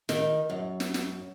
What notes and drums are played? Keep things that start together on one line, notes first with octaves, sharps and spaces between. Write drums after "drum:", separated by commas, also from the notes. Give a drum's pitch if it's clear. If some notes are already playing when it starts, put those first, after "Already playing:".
D#3, drum: snare
F#2
drum: snare
drum: snare